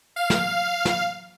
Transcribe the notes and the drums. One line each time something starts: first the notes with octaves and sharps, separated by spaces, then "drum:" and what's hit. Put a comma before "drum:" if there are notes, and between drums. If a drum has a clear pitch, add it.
F5
drum: snare
drum: snare